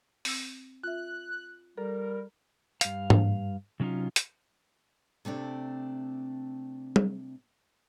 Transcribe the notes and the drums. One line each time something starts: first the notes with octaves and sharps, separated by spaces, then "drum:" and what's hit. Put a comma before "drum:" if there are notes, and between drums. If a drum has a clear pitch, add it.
C4 E6, drum: open hi-hat
F4 E5 F#6
G3 A4 A#4
G2 F5, drum: hi-hat
drum: tom G#2
C3 F#3 C#4 D#4 F4
drum: hi-hat
C3 A3 C4 D4
drum: tom